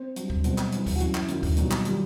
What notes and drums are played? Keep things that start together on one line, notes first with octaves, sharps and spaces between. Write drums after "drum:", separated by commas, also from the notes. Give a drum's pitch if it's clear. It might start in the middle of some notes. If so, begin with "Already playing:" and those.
Already playing: C4
G2 F#3, drum: hi-hat
drum: kick
C2 B2 F#3 C4, drum: hi-hat
drum: clap
G2 E3, drum: hi-hat
drum: kick, open hi-hat
F#4
F#2 F#3 E4, drum: hi-hat
drum: clap
F#2 D#3 F#3, drum: hi-hat
drum: kick, open hi-hat
C2 B2 F#3 D#4, drum: hi-hat
drum: clap
D#3 F#3 G3, drum: hi-hat